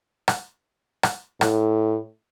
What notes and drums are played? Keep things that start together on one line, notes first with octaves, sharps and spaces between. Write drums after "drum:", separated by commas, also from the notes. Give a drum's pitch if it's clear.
drum: rim click
drum: rim click
A2, drum: rim click